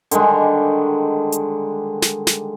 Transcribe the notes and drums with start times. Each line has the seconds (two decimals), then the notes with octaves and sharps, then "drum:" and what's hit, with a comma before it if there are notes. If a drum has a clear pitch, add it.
0.11 D3 D#3 G3 G#3, drum: hi-hat
1.32 drum: hi-hat
2.02 drum: snare
2.27 drum: snare